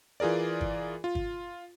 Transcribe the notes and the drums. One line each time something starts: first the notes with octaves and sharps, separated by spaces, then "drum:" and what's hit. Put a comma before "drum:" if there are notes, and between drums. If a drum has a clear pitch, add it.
E3 F4 G#4 A#4 D5
drum: kick
F4
drum: kick